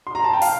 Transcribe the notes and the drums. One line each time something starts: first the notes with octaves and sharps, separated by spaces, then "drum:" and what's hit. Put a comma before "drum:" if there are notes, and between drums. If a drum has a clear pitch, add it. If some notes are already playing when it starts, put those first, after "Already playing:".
C6
A#5
A5
G5
F5, drum: open hi-hat